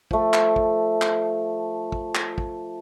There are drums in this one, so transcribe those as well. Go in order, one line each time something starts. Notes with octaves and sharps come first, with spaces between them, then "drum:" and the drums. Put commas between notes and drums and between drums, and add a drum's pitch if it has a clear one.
F3 A3, drum: kick
drum: clap
drum: kick
drum: clap
drum: kick
drum: clap
drum: kick